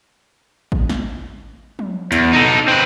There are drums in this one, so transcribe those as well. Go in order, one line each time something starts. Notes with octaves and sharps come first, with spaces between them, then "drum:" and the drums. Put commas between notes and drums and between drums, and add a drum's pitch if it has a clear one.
drum: kick
drum: snare
drum: tom
E2, drum: hi-hat
D#4 A4
C4 B4